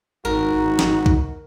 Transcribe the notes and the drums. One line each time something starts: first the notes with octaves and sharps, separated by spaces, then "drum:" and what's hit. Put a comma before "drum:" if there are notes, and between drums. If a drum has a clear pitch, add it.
G#1 D#4 F#4 A#4
drum: snare
drum: kick